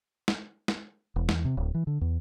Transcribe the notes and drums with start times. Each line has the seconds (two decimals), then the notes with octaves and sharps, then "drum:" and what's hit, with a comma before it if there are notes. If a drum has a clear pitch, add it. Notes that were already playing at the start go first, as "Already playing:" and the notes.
0.28 drum: snare
0.68 drum: snare
1.16 E1
1.29 E2, drum: snare
1.45 C3
1.57 D1
1.74 E3
1.87 D3
2.01 E2